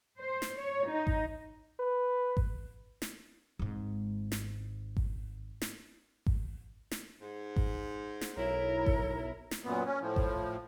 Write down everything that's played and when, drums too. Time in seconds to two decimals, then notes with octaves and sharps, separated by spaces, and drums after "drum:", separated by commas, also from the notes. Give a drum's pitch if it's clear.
0.18 C5
0.42 drum: snare
0.59 C#5
0.91 D#4
1.07 drum: kick G#1
1.79 B4
2.37 drum: kick G#1
3.02 drum: snare
3.59 G#1 G#2
4.32 drum: snare
4.97 drum: kick G#1
5.62 drum: snare
6.26 drum: kick G#1
6.91 drum: snare
7.21 G#2
7.56 drum: kick G#1
8.21 drum: snare
8.37 B1 E4 A#4 C#5
8.86 drum: kick G#1
9.51 drum: snare
9.64 F#2 A#2 B3
9.85 C#4
10.00 A2 F3
10.16 drum: kick G#1